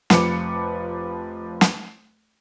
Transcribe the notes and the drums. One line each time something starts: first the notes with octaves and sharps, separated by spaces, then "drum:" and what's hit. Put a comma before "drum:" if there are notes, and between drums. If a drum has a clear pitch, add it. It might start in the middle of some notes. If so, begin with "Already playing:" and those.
F1 F3 B4 D6 C#7, drum: snare
drum: snare